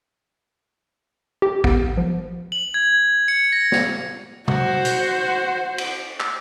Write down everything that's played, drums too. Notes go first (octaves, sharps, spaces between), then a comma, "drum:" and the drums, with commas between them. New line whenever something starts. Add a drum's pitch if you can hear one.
G4
B3, drum: kick
F3
F#7
G#6
C#7
A#6
drum: snare
F#4 C5, drum: tom B2
drum: hi-hat
drum: cymbal
drum: clap